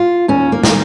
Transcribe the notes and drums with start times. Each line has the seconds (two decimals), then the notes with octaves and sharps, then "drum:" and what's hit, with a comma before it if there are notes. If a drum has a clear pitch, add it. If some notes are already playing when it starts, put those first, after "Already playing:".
Already playing: F4
0.28 D#2 C#4
0.52 A#3
0.64 D#3, drum: snare